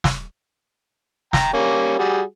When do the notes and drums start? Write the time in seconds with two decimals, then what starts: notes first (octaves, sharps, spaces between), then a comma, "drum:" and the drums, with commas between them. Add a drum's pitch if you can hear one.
0.04 drum: snare
1.33 G5 A#5, drum: snare
1.53 G3 A#3 C#4
1.99 G3 F#4 G#4